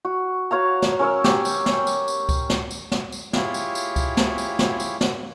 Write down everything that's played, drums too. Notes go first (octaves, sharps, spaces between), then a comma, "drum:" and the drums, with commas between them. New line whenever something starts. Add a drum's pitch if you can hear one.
F#4
F#4 C#5 F5 A#5
drum: snare
C#4 A#4 C#5 E6
G4, drum: snare
drum: tambourine
drum: snare
drum: tambourine
drum: tambourine
drum: kick C#2, tambourine
drum: snare
drum: tambourine
drum: snare
drum: tambourine
E4 F4 G4 G#4 C#5, drum: snare
drum: tambourine
drum: tambourine
drum: kick C#2, tambourine
drum: snare
drum: tambourine
drum: snare
drum: tambourine
drum: snare